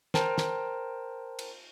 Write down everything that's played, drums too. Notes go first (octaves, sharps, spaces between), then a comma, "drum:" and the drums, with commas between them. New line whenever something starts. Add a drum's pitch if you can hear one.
A#4 C5 G5 A5 A#5, drum: snare
drum: snare
drum: cymbal